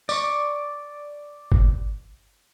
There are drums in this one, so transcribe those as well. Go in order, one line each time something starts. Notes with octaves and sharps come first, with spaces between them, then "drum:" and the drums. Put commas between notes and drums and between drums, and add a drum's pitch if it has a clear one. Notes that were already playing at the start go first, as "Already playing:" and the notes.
D5 C#6, drum: tambourine
drum: kick G1